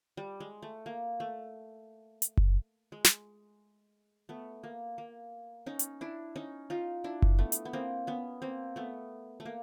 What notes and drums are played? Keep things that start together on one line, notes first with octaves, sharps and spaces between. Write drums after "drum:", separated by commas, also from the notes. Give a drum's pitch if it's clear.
G3
G#3
A3
A#3
A3
drum: hi-hat
drum: kick F#1
G#3
drum: snare
A3 B3
A#3
A#3
C#4 D#4
drum: hi-hat
D4 E4
C#4 D#4
D#4 F4
D4 E4
drum: kick F#1
A3 B3
drum: hi-hat
B3
A#3 C4
B3 C#4
A#3 C4
A3 B3
A3
A#3